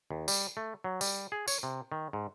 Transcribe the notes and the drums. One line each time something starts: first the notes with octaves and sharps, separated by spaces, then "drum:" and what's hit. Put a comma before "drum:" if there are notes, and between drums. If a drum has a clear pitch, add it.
D#2
G3, drum: tambourine
A3
F#3
G3, drum: tambourine
G#4
C#5, drum: tambourine
C3
D#3
G#2